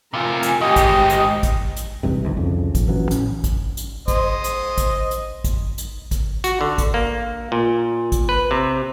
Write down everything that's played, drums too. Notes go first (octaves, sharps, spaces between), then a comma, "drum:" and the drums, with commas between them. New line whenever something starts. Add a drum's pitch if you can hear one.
C3 F4 A#4 G#5
drum: hi-hat
G#2 D#3 G4 D#5
drum: kick A1, hi-hat
drum: hi-hat
drum: kick A1, hi-hat
drum: hi-hat
G#1 E2 G2 C3
G1 D2 D#3
C2 F2 C#3
A#1 F2, drum: kick A1, hi-hat
A#1 E3 F#3 C#4
A2 C#4, drum: hi-hat
drum: kick A1, hi-hat
drum: hi-hat
C5 D#5, drum: kick A1, hi-hat
drum: hi-hat
drum: kick A1, hi-hat
drum: hi-hat
drum: kick A1, hi-hat
drum: hi-hat
drum: kick A1, hi-hat
F#4, drum: hi-hat
D3
drum: kick A1, hi-hat
A#3
A#2
drum: kick A1, hi-hat
B4
C3